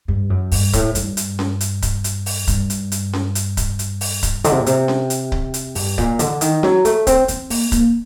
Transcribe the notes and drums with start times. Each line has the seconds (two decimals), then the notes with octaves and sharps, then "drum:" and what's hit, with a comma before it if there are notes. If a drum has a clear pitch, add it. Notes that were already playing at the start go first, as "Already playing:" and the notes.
0.08 G2
0.30 F#2
0.52 G2, drum: open hi-hat
0.73 A2, drum: kick C#1, hi-hat
0.95 G2, drum: hi-hat
1.17 drum: hi-hat
1.39 drum: snare C#4
1.61 drum: hi-hat
1.82 drum: kick C#1, hi-hat
2.04 drum: hi-hat
2.26 drum: open hi-hat
2.47 G2, drum: kick C#1, hi-hat
2.70 drum: hi-hat
2.92 drum: hi-hat
3.13 drum: snare C#4
3.35 drum: hi-hat
3.57 drum: kick C#1, hi-hat
3.79 drum: hi-hat
4.01 drum: open hi-hat
4.23 drum: kick C#1, hi-hat
4.44 D3, drum: hi-hat
4.52 C3
4.59 A#2
4.66 C3, drum: hi-hat
4.88 drum: snare C#4
5.10 drum: hi-hat
5.32 drum: kick C#1
5.54 drum: hi-hat
5.75 G2, drum: open hi-hat
5.98 A#2, drum: kick C#1
6.19 D3, drum: hi-hat
6.41 D#3, drum: hi-hat
6.63 F#3, drum: snare C#4
6.85 A3, drum: hi-hat
7.07 C4, drum: kick C#1, hi-hat
7.28 C4, drum: hi-hat
7.50 A#3, drum: open hi-hat
7.72 A#3, drum: kick C#1, hi-hat